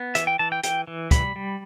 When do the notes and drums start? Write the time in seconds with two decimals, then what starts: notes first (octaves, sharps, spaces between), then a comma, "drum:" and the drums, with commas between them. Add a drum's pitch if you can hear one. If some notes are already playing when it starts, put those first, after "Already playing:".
Already playing: B3
0.15 E3 E5, drum: hi-hat
0.27 G5
0.39 E3 A5
0.52 G5
0.64 E3 G5, drum: hi-hat
0.87 E3
1.11 G3 B5, drum: kick, hi-hat
1.36 G3